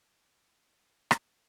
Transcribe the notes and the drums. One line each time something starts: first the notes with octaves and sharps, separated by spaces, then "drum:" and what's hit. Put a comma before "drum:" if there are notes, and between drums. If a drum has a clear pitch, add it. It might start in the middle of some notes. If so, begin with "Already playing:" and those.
Already playing: B2 A3 A#3
C4 D4
C#4 D#4
D#4 F4
drum: rim click